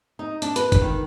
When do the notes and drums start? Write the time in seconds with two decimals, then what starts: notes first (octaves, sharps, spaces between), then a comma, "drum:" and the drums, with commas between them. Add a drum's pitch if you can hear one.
0.19 D#4
0.42 D4, drum: hi-hat
0.56 B4, drum: hi-hat
0.72 drum: kick, hi-hat
0.81 D#3